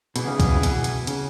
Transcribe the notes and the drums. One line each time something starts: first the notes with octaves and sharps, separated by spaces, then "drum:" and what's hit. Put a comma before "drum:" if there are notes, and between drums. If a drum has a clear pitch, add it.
B2 E3 B3 G#4, drum: hi-hat
C#3
B2, drum: kick, hi-hat
C#3
B2, drum: hi-hat
drum: hi-hat
C#3, drum: hi-hat